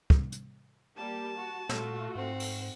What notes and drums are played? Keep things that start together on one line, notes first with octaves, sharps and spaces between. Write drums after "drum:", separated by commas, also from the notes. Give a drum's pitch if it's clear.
drum: kick
drum: hi-hat
G3 A#3 G4 A5
F#4
A#2 A3 F4 F#4, drum: snare
G#2 C4 F#5
drum: open hi-hat